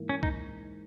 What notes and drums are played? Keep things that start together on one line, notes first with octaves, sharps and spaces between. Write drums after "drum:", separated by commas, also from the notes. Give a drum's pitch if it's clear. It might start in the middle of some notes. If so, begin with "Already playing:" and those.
Already playing: G#2 E3 A#3
C#4
D#4, drum: kick C2